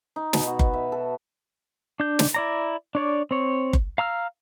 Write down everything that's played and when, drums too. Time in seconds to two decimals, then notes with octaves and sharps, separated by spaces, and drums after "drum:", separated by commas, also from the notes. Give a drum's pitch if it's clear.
0.16 D#4
0.33 B2, drum: snare
0.47 F#4
0.59 B4, drum: kick F#1
0.73 E5
0.92 A4
2.00 D4 G6
2.19 drum: snare
2.34 E4 D5 A#5
2.95 D4 C#5 D5
3.31 C4 C#5
3.73 drum: kick F#1
3.98 F5 A#5 E6 F6